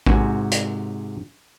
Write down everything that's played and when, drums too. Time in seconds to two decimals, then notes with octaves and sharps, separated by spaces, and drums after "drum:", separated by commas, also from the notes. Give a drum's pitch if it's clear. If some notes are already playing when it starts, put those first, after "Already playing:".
0.06 G#2 C3 F#4 G#5, drum: kick A1
0.52 drum: hi-hat